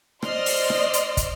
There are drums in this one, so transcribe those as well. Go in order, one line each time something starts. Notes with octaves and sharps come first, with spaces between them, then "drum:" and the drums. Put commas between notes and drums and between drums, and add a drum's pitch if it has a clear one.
C5 D5 D#5 C6 F6, drum: rim click
drum: open hi-hat
drum: rim click
drum: hi-hat
drum: kick, hi-hat